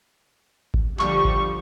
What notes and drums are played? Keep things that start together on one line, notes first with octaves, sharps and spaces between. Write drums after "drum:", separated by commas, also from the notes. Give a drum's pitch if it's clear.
drum: kick G#1
D3 F3 G3 C#6, drum: clap
drum: kick G#1